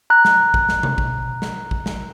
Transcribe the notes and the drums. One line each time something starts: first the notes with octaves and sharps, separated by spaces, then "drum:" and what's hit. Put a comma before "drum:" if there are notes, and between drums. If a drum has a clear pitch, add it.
A#5 F#6
drum: snare
drum: kick
drum: snare
drum: tom B2
drum: kick
drum: snare
drum: kick
drum: snare